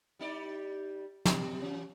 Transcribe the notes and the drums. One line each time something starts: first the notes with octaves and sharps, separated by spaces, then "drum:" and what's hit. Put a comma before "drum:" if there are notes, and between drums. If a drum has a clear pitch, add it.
G3 D#4 D5
B2 G3, drum: snare
E3 C#4